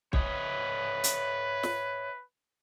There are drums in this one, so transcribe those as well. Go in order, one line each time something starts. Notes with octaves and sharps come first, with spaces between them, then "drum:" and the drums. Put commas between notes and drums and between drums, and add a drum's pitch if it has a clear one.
B4 C#5 D#5 E5, drum: kick
drum: hi-hat
drum: snare